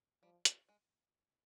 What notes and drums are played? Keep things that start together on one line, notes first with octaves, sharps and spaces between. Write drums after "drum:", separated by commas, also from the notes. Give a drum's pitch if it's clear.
F3 G3
G#3, drum: hi-hat
G#3